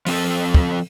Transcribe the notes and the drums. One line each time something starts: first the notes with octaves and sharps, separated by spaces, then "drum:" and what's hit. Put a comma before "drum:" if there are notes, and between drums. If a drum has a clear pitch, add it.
F3 C4 A4, drum: open hi-hat
drum: kick